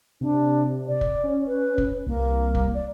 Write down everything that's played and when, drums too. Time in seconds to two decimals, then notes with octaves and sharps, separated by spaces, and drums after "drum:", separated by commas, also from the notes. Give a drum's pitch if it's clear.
0.21 C3 D4
0.88 D5
1.01 drum: kick
1.24 C#4
1.47 B4
1.78 drum: kick
2.07 C2 A#3
2.55 drum: kick
2.74 D5